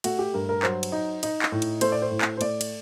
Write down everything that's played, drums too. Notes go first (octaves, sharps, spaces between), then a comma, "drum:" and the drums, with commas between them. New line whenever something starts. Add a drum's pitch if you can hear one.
A3 F#4, drum: cymbal
G4
G2 A#4
A#4
F#3 C5, drum: clap
drum: cymbal
D#4
D#4, drum: cymbal
drum: clap
A2
drum: cymbal
A3 C5, drum: cymbal
D5
C5
A2
drum: clap
C5
A3 D5, drum: cymbal
drum: cymbal